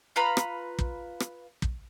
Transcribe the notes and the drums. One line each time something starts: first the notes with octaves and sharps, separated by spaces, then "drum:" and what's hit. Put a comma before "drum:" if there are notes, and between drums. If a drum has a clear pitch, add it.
F4 B4 A#5 B5
drum: rim click
drum: kick
drum: rim click
drum: kick